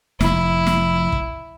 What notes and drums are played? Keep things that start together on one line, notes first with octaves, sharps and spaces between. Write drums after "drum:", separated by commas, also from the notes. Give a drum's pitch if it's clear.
F1 E4, drum: snare
drum: snare
drum: kick